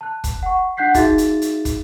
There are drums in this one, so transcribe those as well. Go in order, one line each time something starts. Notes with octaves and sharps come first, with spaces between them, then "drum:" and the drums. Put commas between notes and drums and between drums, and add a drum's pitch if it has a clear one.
A5 F#6
drum: kick, hi-hat
F#5 C#6
D4 F#5 F#6 G6 B6 C7
D#4 F#4 G#4 E5 F5 A6, drum: kick, hi-hat
drum: hi-hat
drum: hi-hat
drum: kick, hi-hat